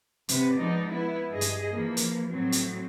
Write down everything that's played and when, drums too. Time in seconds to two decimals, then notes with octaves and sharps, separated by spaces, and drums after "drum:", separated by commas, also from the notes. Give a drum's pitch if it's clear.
0.29 C3 B3 B4, drum: hi-hat
0.58 F3 G#3 B3 D#4 D5
0.89 B3 E4
1.30 G2 G#4 D#5
1.41 drum: hi-hat
1.71 E3 F3 A#3
1.97 drum: hi-hat
2.30 A2 F#3 C4
2.52 drum: hi-hat